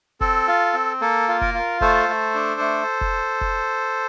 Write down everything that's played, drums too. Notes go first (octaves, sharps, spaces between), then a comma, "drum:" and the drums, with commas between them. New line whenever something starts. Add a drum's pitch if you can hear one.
C4 A4, drum: kick F1
F4
C4
A#3 A4
F4
A#4, drum: kick F1
F4
A3 A4 C5, drum: kick F1
A3
D4
A3
drum: kick F1
drum: kick F1